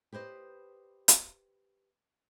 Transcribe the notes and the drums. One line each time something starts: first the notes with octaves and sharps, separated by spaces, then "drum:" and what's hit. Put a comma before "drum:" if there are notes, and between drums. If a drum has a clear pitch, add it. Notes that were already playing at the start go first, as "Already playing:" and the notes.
G4 B4 C5 D#5
drum: hi-hat